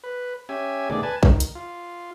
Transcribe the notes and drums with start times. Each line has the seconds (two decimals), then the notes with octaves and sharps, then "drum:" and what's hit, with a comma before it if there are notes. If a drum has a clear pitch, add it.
0.04 B4
0.49 C#4 G4 E5 G#5
0.90 D2 B2 D#3 A3 G#4 D5
1.03 B4 G#5 A5
1.23 D#3, drum: kick A#1
1.40 drum: hi-hat
1.55 F4